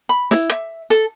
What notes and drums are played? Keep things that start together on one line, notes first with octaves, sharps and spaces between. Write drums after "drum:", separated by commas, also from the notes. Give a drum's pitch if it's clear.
B5
E4, drum: snare
E5
A4, drum: hi-hat